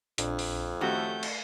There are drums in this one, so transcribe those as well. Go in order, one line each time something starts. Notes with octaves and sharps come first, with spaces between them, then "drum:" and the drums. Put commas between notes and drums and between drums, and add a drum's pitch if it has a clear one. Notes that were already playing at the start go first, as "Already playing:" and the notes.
A#1 F2 D4, drum: hi-hat
drum: open hi-hat
D#3 A3 C#4 F#4 G4 G6
drum: cymbal